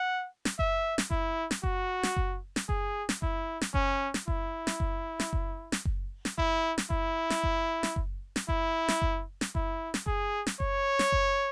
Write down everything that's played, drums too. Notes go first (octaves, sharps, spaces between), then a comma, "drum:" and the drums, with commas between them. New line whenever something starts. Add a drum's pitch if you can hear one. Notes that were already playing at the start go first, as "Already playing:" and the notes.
Already playing: F#5
drum: snare
E5, drum: kick F#1
drum: snare
E4, drum: kick F#1
drum: snare
F#4, drum: kick F#1
drum: snare
drum: kick F#1
drum: snare
G#4, drum: kick F#1
drum: snare
E4, drum: kick F#1
drum: snare
C#4, drum: kick F#1
drum: snare
E4, drum: kick F#1
drum: snare
drum: kick F#1
drum: snare
drum: kick F#1
drum: snare
drum: kick F#1
drum: snare
E4, drum: kick F#1
drum: snare
E4, drum: kick F#1
drum: snare
drum: kick F#1
drum: snare
drum: kick F#1
drum: snare
E4, drum: kick F#1
drum: snare
drum: kick F#1
drum: snare
E4, drum: kick F#1
drum: snare
G#4, drum: kick F#1
drum: snare
C#5, drum: kick F#1
drum: snare
drum: kick F#1